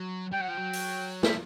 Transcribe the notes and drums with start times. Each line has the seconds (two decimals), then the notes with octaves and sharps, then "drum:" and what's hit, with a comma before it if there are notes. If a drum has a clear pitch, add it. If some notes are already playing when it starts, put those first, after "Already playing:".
Already playing: F#3
0.32 G3 G5
0.40 F#3 F#5
0.48 F3 G5
0.57 F#3
0.73 drum: open hi-hat
1.23 F3 E5, drum: snare